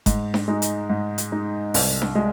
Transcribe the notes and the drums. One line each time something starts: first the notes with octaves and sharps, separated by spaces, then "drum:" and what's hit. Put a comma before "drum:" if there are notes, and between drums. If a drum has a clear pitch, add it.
G#2, drum: kick F#1, hi-hat
drum: snare D4
G#3 D#4
drum: hi-hat
G#2
drum: hi-hat
G#3 D#4
C2, drum: open hi-hat
drum: snare D4
G#3